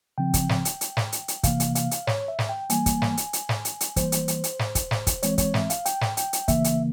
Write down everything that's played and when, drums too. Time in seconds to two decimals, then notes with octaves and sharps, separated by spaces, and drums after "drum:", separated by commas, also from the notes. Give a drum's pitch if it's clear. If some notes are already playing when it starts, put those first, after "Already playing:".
0.18 C#3 F3 C4 G5
0.34 drum: kick, hi-hat
0.49 drum: snare
0.65 drum: hi-hat
0.81 drum: hi-hat
0.97 drum: snare
1.12 drum: hi-hat
1.28 drum: hi-hat
1.43 C3 E3 A#3 F5, drum: kick, hi-hat
1.60 drum: hi-hat
1.75 F5, drum: hi-hat
1.91 drum: hi-hat
2.07 C#5, drum: snare
2.28 E5
2.39 drum: snare
2.49 G5
2.70 E3 G3 A#3 G#5, drum: hi-hat
2.86 drum: kick, hi-hat
3.02 drum: snare
3.17 drum: hi-hat
3.33 drum: hi-hat
3.49 drum: snare
3.65 drum: hi-hat
3.81 drum: hi-hat
3.96 E3 G3 A#3 C5, drum: kick, hi-hat
4.12 drum: hi-hat
4.28 drum: hi-hat
4.44 drum: hi-hat
4.59 drum: snare
4.75 drum: kick, hi-hat
4.91 drum: snare
5.07 drum: kick, hi-hat
5.23 E3 G#3 C4 C#5, drum: hi-hat
5.38 C#5, drum: kick, hi-hat
5.54 E5, drum: snare
5.70 F5, drum: hi-hat
5.86 G5, drum: hi-hat
6.01 drum: snare
6.17 G5, drum: hi-hat
6.33 drum: hi-hat
6.48 C#3 E3 A#3 E5, drum: kick, hi-hat
6.64 drum: hi-hat